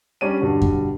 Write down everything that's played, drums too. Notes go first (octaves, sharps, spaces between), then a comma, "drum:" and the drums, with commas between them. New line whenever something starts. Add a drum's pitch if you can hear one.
G3 C#4 D4 D#7
G2 B2 D3 G3
drum: kick F2